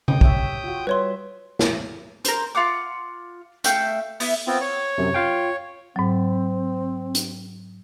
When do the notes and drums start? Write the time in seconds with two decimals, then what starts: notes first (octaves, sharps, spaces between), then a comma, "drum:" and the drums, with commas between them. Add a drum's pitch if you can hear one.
0.08 G5 D#6, drum: tom C#3
0.21 G4 C#5 E5, drum: kick
0.64 F4 F#4
0.87 G3 B4 C#5 E5 C6
1.59 drum: snare
2.25 A#4 C5, drum: hi-hat
2.55 F4 F5 F#5 D6
3.64 A3 E5 F5 G5, drum: hi-hat
4.20 B3 E4, drum: open hi-hat
4.47 B3 C4 F4
4.61 C#5
4.98 F#2 C3
5.14 F4 F5 G5
5.96 G#2 F#3 C4
7.15 drum: hi-hat